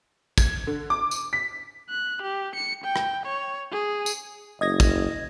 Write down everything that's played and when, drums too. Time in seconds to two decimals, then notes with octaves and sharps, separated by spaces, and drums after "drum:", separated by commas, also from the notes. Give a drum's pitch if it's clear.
0.38 G#6, drum: kick, tambourine
0.67 D3
0.90 D6
1.11 drum: tambourine
1.33 B6
1.90 F#6
2.22 G4
2.55 C#7
2.84 G5
2.96 drum: rim click
3.26 C#5
3.72 G#4
4.06 drum: tambourine
4.61 F#1 D#5 G#6 A#6
4.80 drum: kick, tambourine